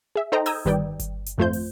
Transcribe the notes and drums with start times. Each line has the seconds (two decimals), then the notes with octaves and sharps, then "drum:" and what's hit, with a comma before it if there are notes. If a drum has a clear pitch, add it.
0.16 G#4 E5
0.32 D#4 A4 C5 D#5 G5 A#5
0.46 A#5 D#6 E6 G6 G#6, drum: open hi-hat
0.65 G1 D#3 G3 B4 D5 G5
1.00 drum: kick G1, hi-hat
1.26 drum: hi-hat
1.38 G#1 F2 A3 F4 C5 G6
1.53 drum: open hi-hat